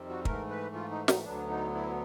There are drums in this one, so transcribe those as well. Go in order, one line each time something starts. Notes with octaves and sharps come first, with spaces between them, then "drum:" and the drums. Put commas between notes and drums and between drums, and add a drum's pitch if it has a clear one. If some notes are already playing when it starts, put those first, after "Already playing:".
Already playing: F2 C3 D#3 G3 C4
F#4
G#2 E3 A3 A#4, drum: kick
B4
F4
D#4
D#4, drum: snare
D2 D3 F#3 B3 D4
D#4
E4